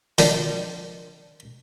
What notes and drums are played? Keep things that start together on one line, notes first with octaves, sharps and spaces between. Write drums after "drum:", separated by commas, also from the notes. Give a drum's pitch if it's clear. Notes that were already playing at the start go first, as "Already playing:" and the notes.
D#3 F3 D4, drum: open hi-hat